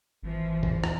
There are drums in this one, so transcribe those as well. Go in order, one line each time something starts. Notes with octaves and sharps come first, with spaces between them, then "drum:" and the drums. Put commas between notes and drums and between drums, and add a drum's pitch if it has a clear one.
G#1 E3 F3
E2, drum: kick G#1
drum: rim click